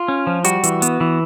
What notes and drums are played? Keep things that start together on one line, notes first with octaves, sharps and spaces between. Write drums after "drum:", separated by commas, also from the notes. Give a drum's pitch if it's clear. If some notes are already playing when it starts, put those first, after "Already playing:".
Already playing: F4
C#4
F3
G3 F#4, drum: hi-hat
E3, drum: hi-hat
B3, drum: hi-hat
E3